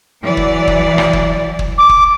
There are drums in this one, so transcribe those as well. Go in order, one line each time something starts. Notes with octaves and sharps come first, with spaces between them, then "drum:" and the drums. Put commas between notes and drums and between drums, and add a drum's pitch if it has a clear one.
E3 F#3 D5
drum: kick
drum: kick
drum: rim click
drum: kick
drum: kick
D6
drum: kick